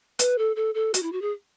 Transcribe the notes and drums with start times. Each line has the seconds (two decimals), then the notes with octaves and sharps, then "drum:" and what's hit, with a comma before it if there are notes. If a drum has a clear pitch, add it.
0.19 B4, drum: hi-hat
0.38 A4
0.56 A4
0.75 A4
0.94 F#4, drum: hi-hat
1.03 E4
1.12 F#4
1.22 G#4